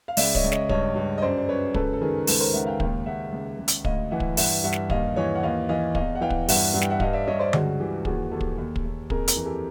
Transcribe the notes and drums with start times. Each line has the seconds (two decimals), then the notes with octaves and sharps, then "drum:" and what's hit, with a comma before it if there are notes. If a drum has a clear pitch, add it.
0.08 F5
0.17 C#2 D5 E5, drum: open hi-hat
0.35 C#5 D#5, drum: kick
0.44 C#2
0.52 C#5 D#5, drum: snare
0.69 G2 C#5 D#5, drum: kick
0.96 G2
1.18 D#5
1.22 F#2 C5 D5
1.38 D5
1.49 F#2 B4 C#5
1.74 C#2 A4 B4, drum: kick
1.93 A4
2.01 D#3 G#4 A#4
2.27 C#2 A4 B4, drum: open hi-hat
2.40 A#4 C5
2.53 C#2 E5 F#5
2.66 F5 G5
2.80 D#2 F5 G5, drum: kick
3.06 D#2 E5 F#5
3.32 C#2
3.58 C#2
3.68 drum: hi-hat
3.85 D2 D#5 F5, drum: kick
4.11 E3 E5 F#5
4.20 drum: kick
4.37 G2 E5 F#5, drum: open hi-hat
4.64 G2 E5 F#5
4.73 drum: snare
4.90 D#2 D#5 F5, drum: kick
5.16 E3 C#5 D#5
5.35 F#5
5.43 D#2 D#5 F5
5.69 E3 D#5 F5
5.95 E2 D#5 F5, drum: kick
6.15 F#5
6.21 E3 F5 G5
6.30 drum: kick
6.48 G2 E5 F#5, drum: open hi-hat
6.74 G2 F#5
6.82 G5, drum: snare
6.90 E5 F#5
7.00 G2 D#5 F5, drum: kick
7.13 D5 E5
7.27 G2 C#5 D#5
7.39 C5 D5
7.53 C#2 F#4 G#4, drum: tom D3
7.80 E3 G4
8.05 D#2 F#4 G#4, drum: kick
8.31 D#2 G4 A4
8.41 drum: kick
8.58 D#2
8.76 drum: kick
8.85 D#2
9.10 F2 G#4 A#4, drum: kick
9.28 G#4 A#4, drum: hi-hat
9.36 E3
9.45 G4 A4